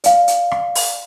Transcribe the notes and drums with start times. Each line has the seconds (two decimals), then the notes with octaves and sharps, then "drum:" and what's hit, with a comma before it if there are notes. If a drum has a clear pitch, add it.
0.04 D5 F5, drum: hi-hat
0.28 drum: hi-hat
0.51 drum: rim click
0.75 drum: open hi-hat